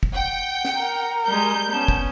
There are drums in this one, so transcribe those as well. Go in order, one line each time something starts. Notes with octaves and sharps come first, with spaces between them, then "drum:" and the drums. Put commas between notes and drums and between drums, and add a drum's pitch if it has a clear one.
drum: kick
F#5 G5
drum: snare
A#4
G3 G#3 G6
B3 C#4 A5
drum: kick